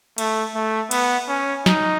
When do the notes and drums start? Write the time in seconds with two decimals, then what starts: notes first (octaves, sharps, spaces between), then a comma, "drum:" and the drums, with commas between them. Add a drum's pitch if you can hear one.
0.18 A3, drum: cymbal
0.55 A3
0.91 B3, drum: cymbal
1.28 C#4
1.66 D#4, drum: snare